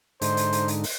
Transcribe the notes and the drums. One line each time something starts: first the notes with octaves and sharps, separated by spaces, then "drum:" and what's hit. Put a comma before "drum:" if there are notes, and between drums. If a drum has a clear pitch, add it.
G#2 D3 D#4 C5, drum: hi-hat
drum: hi-hat
drum: hi-hat
drum: hi-hat
drum: open hi-hat